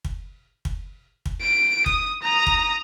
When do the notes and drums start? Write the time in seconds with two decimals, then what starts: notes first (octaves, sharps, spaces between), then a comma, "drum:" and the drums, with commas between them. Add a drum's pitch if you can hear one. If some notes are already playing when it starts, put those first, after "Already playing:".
0.05 drum: kick
0.65 drum: kick
1.26 drum: kick
1.41 D7
1.86 D#6, drum: kick
2.22 A#5 D#6
2.47 drum: kick